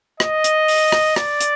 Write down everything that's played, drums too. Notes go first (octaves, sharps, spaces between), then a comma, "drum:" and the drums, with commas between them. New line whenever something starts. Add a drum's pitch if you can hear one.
D#5, drum: rim click
drum: hi-hat
drum: open hi-hat
drum: rim click
D5, drum: rim click
drum: hi-hat